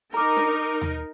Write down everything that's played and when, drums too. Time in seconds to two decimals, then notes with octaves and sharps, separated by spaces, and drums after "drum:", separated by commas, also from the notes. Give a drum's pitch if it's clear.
0.14 D#4 A#4 A#5 D6
0.36 drum: snare D4
0.81 drum: tom D#2